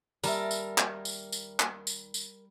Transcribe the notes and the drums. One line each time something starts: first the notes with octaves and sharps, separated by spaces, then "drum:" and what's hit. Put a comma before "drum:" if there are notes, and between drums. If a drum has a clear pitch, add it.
D#2 G3 A#4 E5 A5, drum: tambourine
drum: tambourine
drum: clap
drum: tambourine
drum: tambourine
drum: clap
drum: tambourine
drum: tambourine